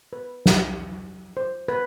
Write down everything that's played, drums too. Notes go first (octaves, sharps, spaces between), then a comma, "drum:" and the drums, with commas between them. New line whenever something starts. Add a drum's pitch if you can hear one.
B4
drum: snare
C5
B4